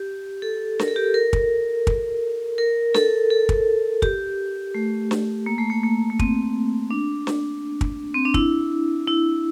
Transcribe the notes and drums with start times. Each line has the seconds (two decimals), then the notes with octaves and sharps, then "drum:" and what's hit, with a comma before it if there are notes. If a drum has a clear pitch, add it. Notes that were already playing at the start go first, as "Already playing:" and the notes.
Already playing: G4
0.42 A4
0.79 A#4, drum: snare
0.88 A4
0.96 G4
1.04 A4
1.14 A#4
1.33 drum: kick
1.87 drum: kick
2.58 A#4
2.94 A4, drum: snare
3.30 A4
3.49 drum: kick
4.02 G4, drum: kick
4.75 A3
5.11 drum: snare
5.46 A#3
5.58 A3
5.70 A#3
5.83 A#3
6.10 A#3
6.19 C4, drum: kick
6.91 D4
7.27 drum: snare
7.81 drum: kick
8.14 C4
8.25 D4
8.34 E4, drum: kick
9.07 E4